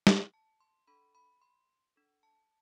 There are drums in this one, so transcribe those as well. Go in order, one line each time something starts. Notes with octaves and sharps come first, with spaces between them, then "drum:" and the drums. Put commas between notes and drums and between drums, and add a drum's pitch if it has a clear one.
drum: snare
A5
C6
D4 A4 B5
B5
C6
D4 A4
A5